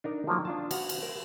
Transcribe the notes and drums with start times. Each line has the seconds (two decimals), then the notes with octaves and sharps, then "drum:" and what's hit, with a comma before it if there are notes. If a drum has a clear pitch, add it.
0.04 D4 D#4 A#4
0.27 F3 F#3 A#3
0.45 D4 F4 A5
0.71 B3 F#4, drum: cymbal
0.89 drum: cymbal
1.03 A#4